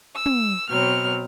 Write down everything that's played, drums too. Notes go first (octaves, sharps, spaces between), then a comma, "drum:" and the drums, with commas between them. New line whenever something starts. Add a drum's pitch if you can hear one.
E6
drum: tom
B2 F#3 C4 F6